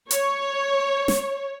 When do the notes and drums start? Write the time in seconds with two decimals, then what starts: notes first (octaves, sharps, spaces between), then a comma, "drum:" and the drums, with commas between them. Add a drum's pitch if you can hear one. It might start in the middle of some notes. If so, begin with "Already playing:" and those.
0.11 C#5, drum: hi-hat
1.08 drum: snare